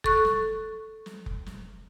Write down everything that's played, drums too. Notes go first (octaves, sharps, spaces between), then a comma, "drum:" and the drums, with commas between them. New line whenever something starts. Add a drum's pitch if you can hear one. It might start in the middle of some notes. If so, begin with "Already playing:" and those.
A4 C#6 F#6, drum: kick F1
drum: snare
drum: snare
drum: kick F1
drum: snare